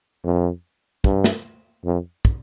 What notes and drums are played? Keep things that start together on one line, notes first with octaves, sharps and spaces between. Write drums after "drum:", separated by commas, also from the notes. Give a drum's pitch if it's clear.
F2
G2, drum: kick
drum: snare
F2
drum: kick